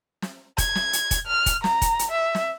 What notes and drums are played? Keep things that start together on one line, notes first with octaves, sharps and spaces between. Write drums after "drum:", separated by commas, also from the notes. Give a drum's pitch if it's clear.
drum: snare
G#6, drum: kick, hi-hat
drum: snare
drum: hi-hat
drum: kick, hi-hat
F6
drum: kick, hi-hat
A#5, drum: snare
drum: kick, hi-hat
drum: hi-hat
E5
drum: snare